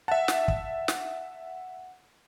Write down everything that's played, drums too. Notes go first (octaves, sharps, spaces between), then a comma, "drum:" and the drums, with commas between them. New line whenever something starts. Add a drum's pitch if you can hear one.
E5 F#5 A5
drum: snare
drum: kick
drum: snare